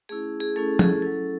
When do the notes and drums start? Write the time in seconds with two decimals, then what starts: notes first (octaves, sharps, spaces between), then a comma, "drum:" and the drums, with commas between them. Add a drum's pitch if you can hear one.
0.09 A3 C#4 E4 G#4
0.40 G#4
0.56 A3 C#4 E4 A4
0.79 G#4, drum: tom
1.02 F#3 C#4 E4 A4